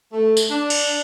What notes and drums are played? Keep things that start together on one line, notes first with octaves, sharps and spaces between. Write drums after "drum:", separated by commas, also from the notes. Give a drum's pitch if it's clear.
A3
drum: tambourine
D4
drum: cymbal